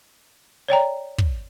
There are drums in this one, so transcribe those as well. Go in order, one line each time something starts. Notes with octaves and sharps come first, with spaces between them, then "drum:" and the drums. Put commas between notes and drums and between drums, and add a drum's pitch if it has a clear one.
C#5 D5 G5 A#5
drum: kick